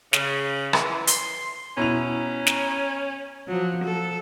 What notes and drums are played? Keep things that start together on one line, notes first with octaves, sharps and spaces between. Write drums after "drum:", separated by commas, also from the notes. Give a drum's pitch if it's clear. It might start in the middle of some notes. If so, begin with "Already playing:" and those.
C#3, drum: snare
E3, drum: rim click
C6, drum: hi-hat
B2 C#4 E4 A#5 F7
drum: snare
F3 F#3
A4